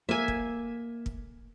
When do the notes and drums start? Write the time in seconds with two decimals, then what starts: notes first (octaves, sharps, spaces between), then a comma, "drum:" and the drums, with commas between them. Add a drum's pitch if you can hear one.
0.09 A#3 E5 G#5
0.28 drum: kick
1.06 drum: kick